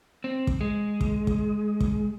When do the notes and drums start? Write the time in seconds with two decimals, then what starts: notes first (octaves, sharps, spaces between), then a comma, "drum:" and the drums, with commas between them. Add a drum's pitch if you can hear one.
0.24 C4
0.47 drum: kick
0.61 G#3
1.01 drum: kick
1.27 drum: kick
1.80 drum: kick